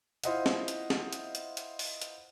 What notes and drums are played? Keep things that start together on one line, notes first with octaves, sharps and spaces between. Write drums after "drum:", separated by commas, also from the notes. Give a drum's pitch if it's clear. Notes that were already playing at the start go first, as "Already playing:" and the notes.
E4 F4 C5 D#5 E5 F#5, drum: hi-hat
drum: snare
drum: hi-hat
drum: snare
drum: hi-hat
drum: hi-hat
drum: hi-hat
drum: open hi-hat
drum: hi-hat